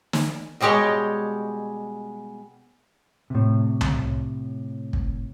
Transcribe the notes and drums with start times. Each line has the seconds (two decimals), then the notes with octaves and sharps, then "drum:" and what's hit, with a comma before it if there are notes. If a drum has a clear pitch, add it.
0.13 drum: snare
0.60 B2 G3 G#3 G4 C#5
3.30 A2 C3
3.81 drum: tom C2
4.93 drum: kick